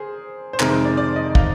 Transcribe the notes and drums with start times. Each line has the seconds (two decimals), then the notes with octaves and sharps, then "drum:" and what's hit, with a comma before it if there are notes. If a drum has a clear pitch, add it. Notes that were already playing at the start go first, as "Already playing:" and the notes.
Already playing: G#4 A#4 C5
0.53 C5
0.60 F2 C3 D#3 G#3 A#4, drum: clap
0.72 C5
0.85 D5
0.97 D5
1.16 D#5
1.35 F5, drum: kick